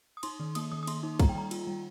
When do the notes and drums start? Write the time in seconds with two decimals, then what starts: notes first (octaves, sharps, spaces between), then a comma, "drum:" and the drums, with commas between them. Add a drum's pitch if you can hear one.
0.17 D#6
0.23 D#4 C6, drum: cymbal
0.40 D#3
0.55 A#3 D#6, drum: cymbal
0.72 D#3 D#6
0.83 D#6
0.87 A#3 C6, drum: cymbal
1.03 D#4
1.20 G3 A#5, drum: kick, cymbal
1.29 G5
1.35 D#3 A#5
1.51 F4, drum: cymbal
1.67 G3